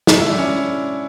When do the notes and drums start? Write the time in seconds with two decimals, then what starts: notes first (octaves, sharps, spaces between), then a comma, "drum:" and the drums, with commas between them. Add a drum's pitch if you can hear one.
0.07 G#3, drum: snare
0.20 E4
0.30 D4
0.38 C#4